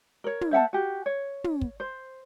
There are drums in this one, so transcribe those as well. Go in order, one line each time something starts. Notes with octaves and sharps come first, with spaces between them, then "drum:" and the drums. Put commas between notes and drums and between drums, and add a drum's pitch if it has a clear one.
A#4 C#5
drum: tom
C5 E5 F#5 A5
F#4 G4
C#5
drum: tom
drum: kick
C5